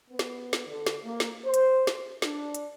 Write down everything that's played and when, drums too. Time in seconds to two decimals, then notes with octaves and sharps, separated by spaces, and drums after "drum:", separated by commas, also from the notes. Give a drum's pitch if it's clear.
0.10 B3
0.19 drum: snare
0.53 drum: snare
0.67 D3
0.87 drum: snare
1.03 A#3
1.20 drum: snare
1.44 C5
1.54 drum: hi-hat
1.87 drum: snare
2.22 D4, drum: snare
2.55 drum: hi-hat